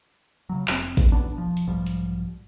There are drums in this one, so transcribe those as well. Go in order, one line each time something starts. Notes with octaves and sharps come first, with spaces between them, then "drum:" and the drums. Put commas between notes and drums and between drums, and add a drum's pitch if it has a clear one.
C#3 F#3
F1 C3 C4, drum: clap
drum: kick A1, hi-hat
D#1 A1 B3 D4
E1 F3
drum: hi-hat
B1 G#2 F3 G3
drum: hi-hat